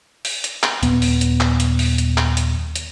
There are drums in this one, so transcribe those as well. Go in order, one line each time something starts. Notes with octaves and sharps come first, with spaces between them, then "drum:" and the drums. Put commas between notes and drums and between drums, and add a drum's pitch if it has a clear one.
drum: open hi-hat
drum: hi-hat
drum: clap
D#1 B3, drum: hi-hat
drum: open hi-hat
drum: hi-hat
drum: clap
drum: hi-hat
drum: open hi-hat
drum: hi-hat
drum: clap
drum: hi-hat
drum: hi-hat